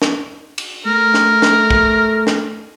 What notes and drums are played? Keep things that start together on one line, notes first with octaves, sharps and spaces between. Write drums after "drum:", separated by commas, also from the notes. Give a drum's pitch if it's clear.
drum: snare
drum: cymbal
A3 A#4
drum: snare
drum: snare
drum: kick
drum: snare